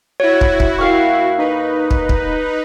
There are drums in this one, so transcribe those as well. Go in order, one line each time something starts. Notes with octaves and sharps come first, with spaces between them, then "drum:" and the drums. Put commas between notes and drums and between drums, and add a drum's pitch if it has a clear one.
E4 F#4 C#5
drum: kick
drum: kick
D#2 F5 C#6 F6
D#4 B4
drum: kick
drum: kick